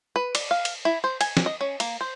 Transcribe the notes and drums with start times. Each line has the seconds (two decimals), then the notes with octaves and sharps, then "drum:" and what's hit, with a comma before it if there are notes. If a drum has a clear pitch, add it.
0.16 B4
0.35 D5, drum: cymbal
0.51 F5
0.65 drum: cymbal
0.85 E4
1.04 C5
1.21 G#5, drum: cymbal
1.37 drum: snare
1.46 D#5
1.61 C#4
1.80 A#3, drum: cymbal
2.01 C5